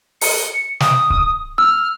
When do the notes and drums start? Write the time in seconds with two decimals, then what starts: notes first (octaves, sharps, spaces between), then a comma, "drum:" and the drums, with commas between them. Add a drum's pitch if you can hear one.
0.21 C#7, drum: open hi-hat
0.80 D#6, drum: snare
1.10 drum: kick C#1
1.58 E6 F6